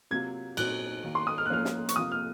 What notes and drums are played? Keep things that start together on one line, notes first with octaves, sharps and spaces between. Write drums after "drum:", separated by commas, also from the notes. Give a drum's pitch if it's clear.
C3 F#3 A#3 F4 G#6
A#2 F#3 C4 D#4 F#4 F#6, drum: cymbal
D#3 F#3 A#3
C6
D#6
F6
F#6
F3 A#3 C#4 F6
drum: snare
C#6, drum: hi-hat
C3 F3 A#3 F4 D#6
F6